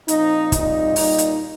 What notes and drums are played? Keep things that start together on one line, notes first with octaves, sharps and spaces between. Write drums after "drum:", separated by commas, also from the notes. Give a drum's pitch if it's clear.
A#2 F3 C4 D#4, drum: hi-hat
A#2 G3 C4 D#4, drum: kick, hi-hat
A#2 G3 A#3 D#4, drum: open hi-hat
drum: hi-hat